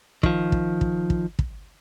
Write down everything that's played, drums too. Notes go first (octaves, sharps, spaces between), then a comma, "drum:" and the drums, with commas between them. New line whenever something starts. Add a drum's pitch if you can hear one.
D#3 F3, drum: kick
drum: kick
drum: kick
drum: kick
drum: kick